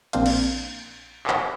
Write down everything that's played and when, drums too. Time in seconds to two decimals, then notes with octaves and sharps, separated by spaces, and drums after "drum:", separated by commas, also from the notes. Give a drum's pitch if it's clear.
0.13 A#1 A#3 C4 D4 C5 F5, drum: hi-hat
0.26 drum: cymbal
1.27 drum: clap